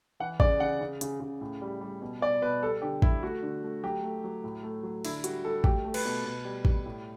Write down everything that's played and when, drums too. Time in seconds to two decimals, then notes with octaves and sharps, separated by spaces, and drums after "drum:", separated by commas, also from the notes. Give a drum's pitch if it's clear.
0.20 E3 F#5
0.40 C#3 D5, drum: kick
0.60 C#3 F#5
0.81 C#3
1.01 C#3, drum: hi-hat
1.20 C#3
1.41 A2
1.61 G3
1.81 G3
2.01 B2
2.21 B2 D5
2.42 B2 B4
2.62 G3 A4
2.82 D3 G4
3.02 G3 E4, drum: kick
3.23 A3 F#4
3.43 D3
3.63 A3
3.83 F#3 G4
4.03 A3
4.24 F#3
4.44 A2
4.63 A3
4.83 F#3
5.05 D3 E4, drum: cymbal
5.24 G3 F#4, drum: hi-hat
5.45 G3 A4
5.64 A3 G4, drum: kick
5.84 A3
5.94 B4, drum: cymbal
6.05 B2
6.24 B2
6.45 G3
6.65 G3, drum: kick
6.86 A2